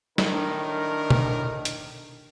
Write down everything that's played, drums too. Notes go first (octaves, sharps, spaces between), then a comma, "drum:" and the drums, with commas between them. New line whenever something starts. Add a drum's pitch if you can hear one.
A2 D#3 D4 A#4, drum: snare
drum: tom
drum: hi-hat